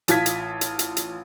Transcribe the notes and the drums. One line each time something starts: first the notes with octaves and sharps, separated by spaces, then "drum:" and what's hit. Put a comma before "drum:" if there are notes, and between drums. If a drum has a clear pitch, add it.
A1 F4 A5 G#6 B6, drum: hi-hat
drum: hi-hat
drum: hi-hat
drum: hi-hat
drum: hi-hat